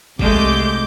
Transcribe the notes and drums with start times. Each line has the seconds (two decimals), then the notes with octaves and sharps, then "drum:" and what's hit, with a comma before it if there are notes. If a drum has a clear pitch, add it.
0.19 C2 G#3 A3 D6 G6, drum: kick